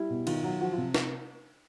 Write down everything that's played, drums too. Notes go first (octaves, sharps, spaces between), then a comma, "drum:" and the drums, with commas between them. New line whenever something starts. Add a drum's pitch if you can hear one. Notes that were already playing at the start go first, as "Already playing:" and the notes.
Already playing: G3 E4
B2
D#3 F4, drum: cymbal
F#3
F3 F#4
F4
C3
drum: snare